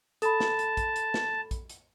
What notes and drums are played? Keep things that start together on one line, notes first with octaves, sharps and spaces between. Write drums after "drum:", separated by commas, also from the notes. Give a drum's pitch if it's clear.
A4 A5 B5, drum: hi-hat
drum: snare
drum: hi-hat
drum: kick, hi-hat
drum: hi-hat
drum: snare
drum: kick, hi-hat
drum: hi-hat